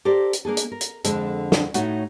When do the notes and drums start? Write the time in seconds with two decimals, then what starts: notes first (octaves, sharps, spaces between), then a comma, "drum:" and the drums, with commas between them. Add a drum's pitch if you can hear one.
0.05 G4 A4 A#4 C5 D5
0.33 drum: hi-hat
0.45 A#3 D4 G#4 A4
0.57 drum: hi-hat
0.72 A#4
0.81 drum: hi-hat
1.04 F2 D3 G#3 A4, drum: hi-hat
1.52 drum: snare
1.74 A2 A3 D#4 F#4 C#5 F#5, drum: hi-hat